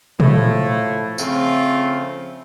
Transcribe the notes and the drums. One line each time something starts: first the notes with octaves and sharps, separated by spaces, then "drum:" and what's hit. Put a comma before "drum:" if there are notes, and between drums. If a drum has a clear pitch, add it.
A2 F3 A3, drum: tom A#2
C#3 F3 A3 C4 F4, drum: tambourine